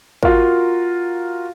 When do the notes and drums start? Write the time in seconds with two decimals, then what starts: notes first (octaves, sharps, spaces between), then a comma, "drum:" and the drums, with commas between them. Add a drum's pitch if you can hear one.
0.23 F4 F#4 A#4, drum: kick